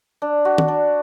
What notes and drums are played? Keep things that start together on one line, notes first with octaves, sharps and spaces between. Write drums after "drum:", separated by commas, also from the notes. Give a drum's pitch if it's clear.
D4
F#4
drum: tom
D4